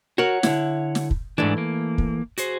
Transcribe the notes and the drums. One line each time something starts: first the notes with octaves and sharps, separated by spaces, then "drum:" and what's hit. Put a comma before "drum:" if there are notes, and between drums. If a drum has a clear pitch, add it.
F#4 A#4 C#5 F#5
D3 E4, drum: snare
drum: snare
drum: kick
G#2 E3 A3 D4
A#3
drum: kick
F#4 G#4 C5, drum: hi-hat